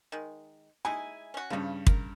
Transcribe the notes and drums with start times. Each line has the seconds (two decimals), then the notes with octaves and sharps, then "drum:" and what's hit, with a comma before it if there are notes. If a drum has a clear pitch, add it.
0.12 D#3 G#3
0.85 G#3 D#4 E4 G#5
1.34 C#4 F#4
1.50 G2 C#3 F3 G3
1.87 A#4, drum: kick